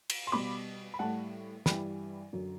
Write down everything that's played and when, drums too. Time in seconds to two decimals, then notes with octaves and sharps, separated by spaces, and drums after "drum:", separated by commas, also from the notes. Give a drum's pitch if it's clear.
0.10 drum: cymbal
0.27 C6
0.32 B2 G3 B5 D6
0.94 B5
0.99 A2 G3 F#5 A5
1.66 G2 E3 G3 G5 B5, drum: snare
2.33 F#2 D3 F#3